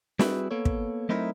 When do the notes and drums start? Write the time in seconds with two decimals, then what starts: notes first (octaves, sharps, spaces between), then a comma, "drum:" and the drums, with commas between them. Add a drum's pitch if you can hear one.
0.19 G3 C4 E4 F#4 G#4 B4, drum: snare
0.51 A#3 B3 A4 C#5
0.65 drum: kick
1.09 F#3 A3 C4 D#4 E4 A#4